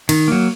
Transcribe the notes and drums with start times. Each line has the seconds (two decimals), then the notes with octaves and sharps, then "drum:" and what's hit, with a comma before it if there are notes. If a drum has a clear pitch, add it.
0.09 D#3, drum: cymbal
0.28 F#3 A#3